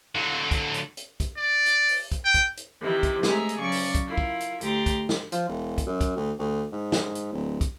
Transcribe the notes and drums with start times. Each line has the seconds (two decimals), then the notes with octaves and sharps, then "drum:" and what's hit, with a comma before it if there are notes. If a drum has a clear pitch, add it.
0.15 D3 F#3
0.51 drum: kick, hi-hat
0.74 drum: hi-hat
0.97 drum: hi-hat
1.20 drum: kick, hi-hat
1.37 D5
1.66 drum: hi-hat
1.89 drum: open hi-hat
2.12 drum: kick, hi-hat
2.25 G5
2.34 drum: kick, hi-hat
2.57 drum: hi-hat
2.80 C3 D#3 E3 B3 C4 E4
3.03 drum: kick, hi-hat
3.23 G#3 A3 B3 G#4 E5 A#5, drum: snare
3.49 drum: hi-hat
3.59 C#3 F#3 C#4 D5 C#6
3.72 drum: open hi-hat
3.95 drum: kick, hi-hat
4.06 E4 F4 A#4
4.18 drum: kick
4.40 drum: hi-hat
4.61 D2 G4 A#5 C6 A6, drum: hi-hat
4.86 drum: kick, hi-hat
5.09 drum: snare
5.32 F3, drum: hi-hat
5.49 E1
5.78 drum: kick, hi-hat
5.87 F#2
6.01 drum: kick, hi-hat
6.16 D2
6.39 D2
6.73 G#2
6.92 drum: snare
7.15 drum: hi-hat
7.32 D1
7.61 drum: kick, hi-hat